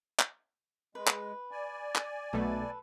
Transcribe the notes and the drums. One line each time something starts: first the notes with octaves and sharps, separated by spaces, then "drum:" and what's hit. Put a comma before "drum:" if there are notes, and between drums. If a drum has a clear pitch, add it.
drum: clap
G#3 B4
drum: clap
D5 G#5
drum: clap
B1 B2 A3 A4 B4